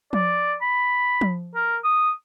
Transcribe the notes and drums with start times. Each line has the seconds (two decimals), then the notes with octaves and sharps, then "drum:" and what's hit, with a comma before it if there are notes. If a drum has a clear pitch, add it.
0.13 D5, drum: tom F3
0.61 B5
1.21 drum: tom F3
1.55 A#4
1.84 D#6